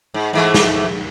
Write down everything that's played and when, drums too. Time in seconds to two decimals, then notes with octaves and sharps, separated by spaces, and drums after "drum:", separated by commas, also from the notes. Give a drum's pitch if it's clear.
0.14 G#2
0.33 G#2 E3 A3
0.54 drum: snare